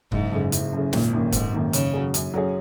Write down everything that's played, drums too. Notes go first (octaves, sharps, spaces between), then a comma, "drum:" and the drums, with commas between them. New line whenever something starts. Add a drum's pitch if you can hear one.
F#1 G#2, drum: kick C#1
F#2 C#3
F#1, drum: hi-hat
F#2 C#3
G#1 A#2, drum: snare
F#2 D#3 A#3
G#1 G#2, drum: kick C#1, hi-hat
F#2 D#3 A#3
F#2 C#3, drum: hi-hat
F#3 C#4 G#4
F#2, drum: hi-hat
F#3 C#4 G#4